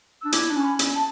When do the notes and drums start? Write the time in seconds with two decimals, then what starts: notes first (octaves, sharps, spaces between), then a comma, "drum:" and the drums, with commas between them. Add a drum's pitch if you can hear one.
0.21 D4 E6
0.32 E4 D6, drum: hi-hat
0.51 D4
0.56 C#4 C#6
0.64 B5
0.79 C#4, drum: hi-hat
0.95 A5